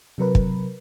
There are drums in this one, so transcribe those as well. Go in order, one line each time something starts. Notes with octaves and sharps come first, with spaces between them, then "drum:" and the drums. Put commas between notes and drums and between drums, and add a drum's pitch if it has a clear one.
C3 F#3 A#4 B4
drum: kick